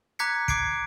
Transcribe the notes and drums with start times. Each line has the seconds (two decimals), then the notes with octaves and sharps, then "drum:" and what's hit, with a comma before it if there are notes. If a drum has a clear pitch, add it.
0.19 A#5 D6 F#6 G#6 B6 C#7
0.48 D6 G#6 C7 D7, drum: kick